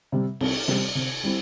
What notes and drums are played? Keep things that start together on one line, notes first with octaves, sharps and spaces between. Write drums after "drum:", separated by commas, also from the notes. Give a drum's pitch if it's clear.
C3 G3 C4
C2, drum: cymbal
C3 G3 C4, drum: snare
C3
G3 C4 E4